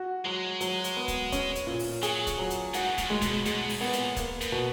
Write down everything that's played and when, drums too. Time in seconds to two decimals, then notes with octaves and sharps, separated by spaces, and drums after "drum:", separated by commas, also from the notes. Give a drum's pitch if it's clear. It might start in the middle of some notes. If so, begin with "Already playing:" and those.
Already playing: F#4
0.25 F#3 G#3
0.61 F#3, drum: hi-hat
0.84 drum: hi-hat
0.97 B3
1.08 drum: kick, hi-hat
1.32 C#4, drum: kick, hi-hat
1.56 drum: hi-hat
1.67 A#2
1.79 drum: open hi-hat
2.03 F#3 G#4, drum: hi-hat
2.27 drum: kick, hi-hat
2.38 F#3
2.51 drum: hi-hat
2.74 G#2 F#4, drum: hi-hat
2.98 A#2, drum: kick, hi-hat
3.10 G#3
3.22 B2, drum: kick, hi-hat
3.46 B2 G#3, drum: hi-hat
3.69 drum: open hi-hat
3.81 A#2 B3
3.93 drum: hi-hat
4.17 A#3, drum: kick, hi-hat
4.41 F#2, drum: hi-hat
4.52 B2